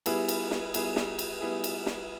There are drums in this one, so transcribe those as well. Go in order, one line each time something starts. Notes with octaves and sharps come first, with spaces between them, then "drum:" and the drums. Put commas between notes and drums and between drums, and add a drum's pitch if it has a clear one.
G3 B3 E4 G#4, drum: cymbal
drum: cymbal
drum: snare
G3 B3 E4 G#4, drum: cymbal
drum: snare
drum: cymbal
G3 B3 E4 G#4
drum: cymbal
drum: snare